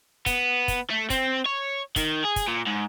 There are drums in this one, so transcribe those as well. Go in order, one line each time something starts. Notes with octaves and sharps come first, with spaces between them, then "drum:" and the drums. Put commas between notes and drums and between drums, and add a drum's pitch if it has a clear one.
B3, drum: kick, hi-hat
drum: kick, hi-hat
A3
C4, drum: kick, hi-hat
C#5
D#3, drum: kick, hi-hat
G#4
drum: kick, hi-hat
A#2
G#2